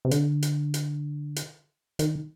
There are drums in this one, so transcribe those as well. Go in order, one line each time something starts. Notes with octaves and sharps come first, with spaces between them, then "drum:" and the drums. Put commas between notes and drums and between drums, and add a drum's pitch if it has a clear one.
C3
D3, drum: hi-hat
drum: hi-hat
drum: hi-hat
drum: hi-hat
D#3, drum: hi-hat